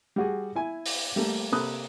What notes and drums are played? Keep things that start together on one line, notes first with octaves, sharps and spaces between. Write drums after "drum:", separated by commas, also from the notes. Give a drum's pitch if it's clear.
G3 F#4 G#4
E4 G#5
drum: open hi-hat
G3 A3 A#3
C3 A#3 A4 B5 D#6 F#6